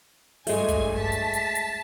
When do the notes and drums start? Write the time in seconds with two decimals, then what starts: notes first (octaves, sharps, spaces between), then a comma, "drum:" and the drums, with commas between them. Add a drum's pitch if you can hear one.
0.47 G2 G#3 A3 G#5, drum: open hi-hat
0.68 drum: kick, hi-hat
0.95 A5 B6
1.12 drum: hi-hat
1.33 drum: hi-hat
1.55 drum: hi-hat